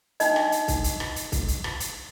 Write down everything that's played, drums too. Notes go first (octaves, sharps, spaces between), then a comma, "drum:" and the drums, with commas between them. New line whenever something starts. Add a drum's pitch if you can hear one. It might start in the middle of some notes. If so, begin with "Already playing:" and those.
D4 D#4 D#5, drum: hi-hat
drum: rim click
drum: hi-hat
drum: kick C2, hi-hat
drum: hi-hat
drum: rim click
drum: hi-hat
drum: kick C2, hi-hat
drum: hi-hat
drum: rim click
drum: hi-hat